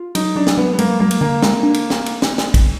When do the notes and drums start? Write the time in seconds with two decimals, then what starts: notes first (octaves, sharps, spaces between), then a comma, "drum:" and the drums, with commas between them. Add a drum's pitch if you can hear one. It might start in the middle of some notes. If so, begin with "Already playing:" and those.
Already playing: F4
0.15 F#3 D#4, drum: cymbal
0.36 F#3 D4
0.47 drum: snare
0.57 F#3 B3
0.73 B3
0.79 F#3 A#3, drum: cymbal
1.00 F#3 A#3
1.11 drum: cymbal
1.21 D3 A#3
1.43 G#3, drum: snare
1.63 D4
1.74 drum: cymbal
1.90 drum: snare
2.06 drum: cymbal
2.22 drum: snare
2.38 drum: snare
2.54 drum: kick, cymbal